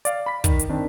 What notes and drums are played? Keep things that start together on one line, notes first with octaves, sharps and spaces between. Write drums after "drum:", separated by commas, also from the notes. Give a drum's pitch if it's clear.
D5 F5, drum: hi-hat
B5 B6
D#3, drum: kick, hi-hat
drum: hi-hat
D#3 C4 D4